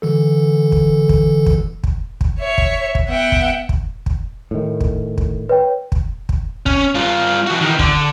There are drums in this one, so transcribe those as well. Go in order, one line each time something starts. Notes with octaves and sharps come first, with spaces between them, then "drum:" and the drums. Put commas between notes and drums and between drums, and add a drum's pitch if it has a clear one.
D3 E3 A4
drum: kick
drum: kick
drum: kick
drum: kick
drum: kick
C#5 E5
drum: kick
drum: kick
B3 E5 F#5 G5
drum: kick
drum: kick
drum: kick
A2 D#3
drum: kick
drum: kick
B4 C#5 G5
drum: kick
drum: kick
C#4, drum: kick
G2 F4
E3 F#4
D#3 E3
D3, drum: kick